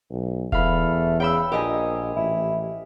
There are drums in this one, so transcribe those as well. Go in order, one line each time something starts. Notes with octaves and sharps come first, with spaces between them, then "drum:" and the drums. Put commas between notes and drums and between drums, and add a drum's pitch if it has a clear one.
B1
E2 A3 F5 B5, drum: kick E1
C#3 G5 B5 E6
A#1 A#2 G4 D#5 G#5
A1 E4